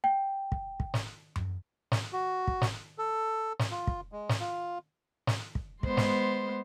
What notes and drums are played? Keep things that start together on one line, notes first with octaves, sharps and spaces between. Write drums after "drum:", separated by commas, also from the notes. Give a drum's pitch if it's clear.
G5
drum: kick
drum: kick
drum: snare
drum: tom F#2
drum: snare
F#4
drum: kick
drum: snare
A4
drum: snare
F4
drum: kick
G#3
drum: snare
F4
drum: snare
drum: kick
G#3 B3 C5 C6, drum: kick
drum: snare